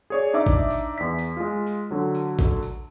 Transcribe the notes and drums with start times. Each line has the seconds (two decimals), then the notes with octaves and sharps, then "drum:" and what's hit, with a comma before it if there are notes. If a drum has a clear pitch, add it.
0.10 G#4 C#5 D5
0.33 D4 D#4 D5 E5 D6
0.46 drum: kick
0.70 drum: tambourine
0.98 E2 B6
1.19 drum: tambourine
1.37 G#3 F4
1.67 drum: tambourine
1.91 D3 F#3
2.15 drum: tambourine
2.39 drum: kick
2.63 drum: tambourine